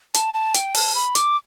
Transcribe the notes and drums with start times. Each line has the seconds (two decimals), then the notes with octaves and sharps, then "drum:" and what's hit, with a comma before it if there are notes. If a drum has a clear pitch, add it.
0.14 A5, drum: hi-hat
0.34 A5
0.54 G5, drum: hi-hat
0.75 A5, drum: open hi-hat
0.95 B5
1.15 D6, drum: hi-hat